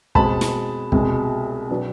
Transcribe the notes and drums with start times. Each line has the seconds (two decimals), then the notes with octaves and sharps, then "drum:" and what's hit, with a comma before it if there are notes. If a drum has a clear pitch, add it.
0.15 B2 G#3 C4 A5 B5, drum: kick
0.41 drum: snare
0.92 C2 B2 G#3, drum: kick
1.70 B2 F#3 B3 D4